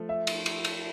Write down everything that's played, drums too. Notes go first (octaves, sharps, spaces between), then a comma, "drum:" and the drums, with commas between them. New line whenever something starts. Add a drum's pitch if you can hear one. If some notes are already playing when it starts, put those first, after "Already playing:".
Already playing: F3 A3
E5
drum: cymbal
drum: cymbal
drum: cymbal